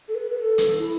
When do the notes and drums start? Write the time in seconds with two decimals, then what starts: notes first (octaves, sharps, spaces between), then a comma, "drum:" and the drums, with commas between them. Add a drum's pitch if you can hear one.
0.08 A4
0.15 B4
0.31 B4
0.40 A4
0.58 drum: hi-hat
0.78 E4